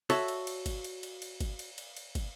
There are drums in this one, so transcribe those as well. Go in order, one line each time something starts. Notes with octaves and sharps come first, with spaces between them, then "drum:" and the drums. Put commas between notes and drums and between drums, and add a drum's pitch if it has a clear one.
F#4 A4 C#5 E5, drum: cymbal
drum: cymbal
drum: cymbal
drum: kick, cymbal
drum: cymbal
drum: cymbal
drum: cymbal
drum: kick, cymbal
drum: cymbal
drum: cymbal
drum: cymbal
drum: kick, cymbal